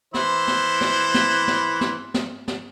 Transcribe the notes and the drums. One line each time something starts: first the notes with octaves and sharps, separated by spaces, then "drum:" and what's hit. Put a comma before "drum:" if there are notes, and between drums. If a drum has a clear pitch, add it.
E3 E4 C5, drum: snare
drum: snare
drum: snare
drum: snare
drum: snare
drum: snare
drum: snare
drum: snare